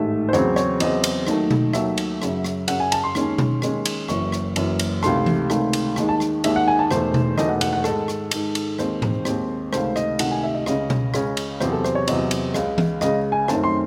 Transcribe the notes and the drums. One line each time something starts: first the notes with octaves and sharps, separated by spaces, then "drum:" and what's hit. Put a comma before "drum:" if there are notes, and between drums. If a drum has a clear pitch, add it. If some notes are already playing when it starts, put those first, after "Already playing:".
Already playing: A1 G#2 D#3 A3 E5
C5
E2 C#3 F#3 C4 C#5, drum: rim click
C#5, drum: rim click
E2 C#3 F#3 C4 D#5, drum: cymbal
drum: cymbal
D#2 D#3 F#3 A3, drum: rim click
drum: tom B2
D#2 D#3 F#3 A3 E5, drum: rim click
drum: cymbal
F#2 C#3 F#3, drum: rim click
drum: rim click
F#2 C#3 F#3 F#5, drum: cymbal
G#5
A5, drum: cymbal
C6
D#2 D#3 G#3 C#4, drum: rim click
drum: tom B2
D#2 D#3 G#3 C#4, drum: rim click
drum: cymbal
F#1 F#2 E3 C#6, drum: rim click
drum: rim click
F#1 F#2 E3, drum: cymbal
drum: cymbal
C#2 C3 D#3 A3 C6, drum: rim click
drum: tom E3
C#2 C3 D#3 A3, drum: rim click
drum: cymbal
D#2 D#3 G#3, drum: rim click
A5
drum: rim click
D#2 D#3 G#3 E5, drum: cymbal
F#5
G#5
A5
E1 E2 D#3 A3 C5, drum: rim click
drum: tom B2
E1 E2 D#3 A3 D#5, drum: rim click
F#5
F#5, drum: cymbal
F#5
G#2 D#3 G#3 A4, drum: rim click
drum: rim click
G#2 D#3 G#3, drum: cymbal
drum: cymbal
D#2 D#3 G#3 C4 C5, drum: rim click
drum: tom
D#2 D#3 G#3 C4, drum: rim click
C#2 C3 D#3 A3 C5, drum: rim click
D#5, drum: rim click
C#2 C3 D#3 A3 F#5, drum: cymbal
G#5
E5
D#5
C#2 C#3 G#3 C#4 D#5, drum: rim click
drum: tom B2
C#2 C#3 G#3 C#4, drum: rim click
drum: cymbal
E2 C3 F#3 C4 C5, drum: rim click
A4
C5, drum: rim click
C#5
E2 C3 F#3 C4 D#5, drum: cymbal
drum: cymbal
C#2 C#3 G#3, drum: rim click
drum: tom E3
C#2 C#3 G#3 D#5, drum: rim click
G#5
F#2 D#3 A3 C4 A5, drum: rim click
C6